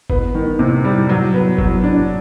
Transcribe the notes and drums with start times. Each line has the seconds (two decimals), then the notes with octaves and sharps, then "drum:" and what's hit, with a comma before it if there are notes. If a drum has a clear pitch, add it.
0.10 B3, drum: kick F#1
0.35 D#3
0.59 C3
0.84 G3
1.09 F#3
1.34 B3
1.58 F#3, drum: kick F#1
1.84 D4